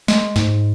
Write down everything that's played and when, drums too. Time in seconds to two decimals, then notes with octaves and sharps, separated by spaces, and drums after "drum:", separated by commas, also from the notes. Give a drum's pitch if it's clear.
0.08 G#3, drum: snare
0.36 G#2, drum: snare